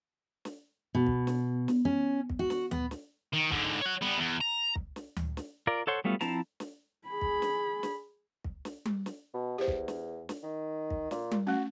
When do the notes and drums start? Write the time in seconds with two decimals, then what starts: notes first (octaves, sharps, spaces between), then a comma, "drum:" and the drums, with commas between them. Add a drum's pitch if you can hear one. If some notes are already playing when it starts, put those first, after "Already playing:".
0.45 drum: snare
0.95 B2
1.07 drum: kick
1.27 drum: snare
1.68 drum: snare
1.85 C#4
2.30 drum: kick
2.39 F#4
2.50 drum: snare
2.71 B3, drum: tom D2
2.91 drum: snare
3.33 D#3
3.51 G#2 D3, drum: kick
3.81 C#5 F#5
4.02 G3 B3
4.18 E2
4.41 A#5
4.75 drum: kick
4.96 drum: snare
5.16 drum: tom D2
5.37 drum: snare
5.67 F4 A#4 D5
5.87 A4 C5 C#5 F#5 C6
6.04 F#3 G3 A3 B3 F4
6.21 F3 C4 E4 A5 A#5, drum: snare
6.60 drum: snare
7.08 G#4 B5
7.21 drum: kick
7.42 drum: snare
7.83 drum: snare
8.44 drum: kick
8.65 drum: snare
8.85 drum: tom G3
9.06 drum: snare
9.34 B2
9.58 E2 G4 C5
9.67 drum: kick
9.88 drum: snare
10.29 drum: snare
10.43 D#3
10.90 drum: kick
11.11 A#2, drum: snare
11.31 drum: tom G3
11.47 A3 C#4 F#4